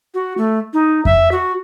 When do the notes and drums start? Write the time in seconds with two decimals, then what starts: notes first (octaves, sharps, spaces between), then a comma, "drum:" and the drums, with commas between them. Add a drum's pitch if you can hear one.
0.14 F#4
0.38 A3
0.74 D#4
1.05 E5, drum: kick F2
1.32 F#4